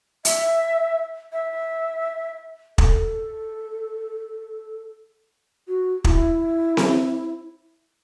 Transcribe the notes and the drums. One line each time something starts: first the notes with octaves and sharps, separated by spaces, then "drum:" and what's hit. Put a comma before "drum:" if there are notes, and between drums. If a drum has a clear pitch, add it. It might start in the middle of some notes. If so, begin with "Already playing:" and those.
E5, drum: hi-hat
E5
A4, drum: kick
F#4
E4, drum: kick
drum: snare C4